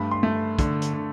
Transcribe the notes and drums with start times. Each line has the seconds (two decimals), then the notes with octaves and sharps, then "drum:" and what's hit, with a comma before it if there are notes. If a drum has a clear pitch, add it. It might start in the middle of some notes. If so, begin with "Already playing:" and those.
Already playing: G2 A3 B5
0.11 C6
0.23 A3
0.59 D3, drum: kick, hi-hat
0.82 drum: hi-hat
0.94 D3